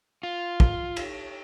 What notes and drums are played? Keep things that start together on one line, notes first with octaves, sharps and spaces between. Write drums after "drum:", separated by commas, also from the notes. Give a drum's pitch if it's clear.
F4
drum: kick
drum: cymbal